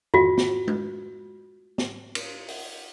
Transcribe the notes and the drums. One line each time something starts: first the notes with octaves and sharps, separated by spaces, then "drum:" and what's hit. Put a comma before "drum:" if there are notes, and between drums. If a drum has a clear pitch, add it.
F4 F#4, drum: tom F2
drum: snare
drum: tom G#3
drum: snare
drum: cymbal
drum: open hi-hat